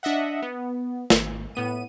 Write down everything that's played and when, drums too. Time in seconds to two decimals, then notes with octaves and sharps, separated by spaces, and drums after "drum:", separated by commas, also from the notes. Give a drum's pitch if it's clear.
0.03 D4 D#5 E5 F#5
0.42 B3
1.10 G#1, drum: snare
1.55 A2 B3 D#7